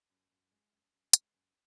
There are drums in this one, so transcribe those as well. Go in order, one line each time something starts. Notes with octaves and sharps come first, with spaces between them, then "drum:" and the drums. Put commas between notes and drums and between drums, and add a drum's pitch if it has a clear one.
F#2
F#2
G#3
F#2
F#2
G#3, drum: hi-hat
F#2